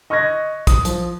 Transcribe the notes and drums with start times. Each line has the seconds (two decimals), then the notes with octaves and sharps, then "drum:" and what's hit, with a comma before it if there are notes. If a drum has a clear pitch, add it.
0.10 D#5 C#6 F6 F#6 G#6 A#6
0.67 D#6, drum: kick, hi-hat
0.85 F3, drum: hi-hat